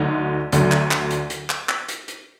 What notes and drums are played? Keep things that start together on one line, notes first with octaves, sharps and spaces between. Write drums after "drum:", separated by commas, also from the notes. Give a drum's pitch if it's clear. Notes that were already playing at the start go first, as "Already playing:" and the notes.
Already playing: D2 D3 F#3 D#4
D2 D3 F#3, drum: hi-hat
drum: clap
drum: clap
drum: hi-hat
drum: hi-hat
drum: clap
drum: clap
drum: hi-hat
drum: hi-hat